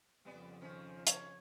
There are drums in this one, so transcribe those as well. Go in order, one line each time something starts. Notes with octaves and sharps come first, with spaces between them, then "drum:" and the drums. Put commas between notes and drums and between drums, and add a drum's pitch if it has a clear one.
F2 C#3 G3 B3 D5
D#3 C#4 C5
C#5, drum: hi-hat